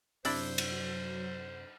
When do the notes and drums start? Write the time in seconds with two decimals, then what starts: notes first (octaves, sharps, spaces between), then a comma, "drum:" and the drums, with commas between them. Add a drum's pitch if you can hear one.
0.25 F#2 C3 F#3 D4 E4 C5 D5, drum: open hi-hat
0.58 drum: cymbal